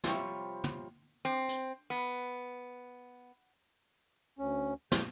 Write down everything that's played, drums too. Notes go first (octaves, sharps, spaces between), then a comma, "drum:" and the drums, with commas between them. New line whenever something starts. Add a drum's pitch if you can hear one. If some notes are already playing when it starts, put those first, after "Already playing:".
C3 F3 G3 C#5, drum: snare
drum: tom
C4
drum: hi-hat
B3
D2 C#4
C#3 G6, drum: snare